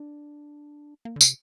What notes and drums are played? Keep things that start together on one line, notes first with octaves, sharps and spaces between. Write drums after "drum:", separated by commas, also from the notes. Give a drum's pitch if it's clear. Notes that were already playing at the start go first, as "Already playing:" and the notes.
Already playing: D4
A#3
D3
C3, drum: tambourine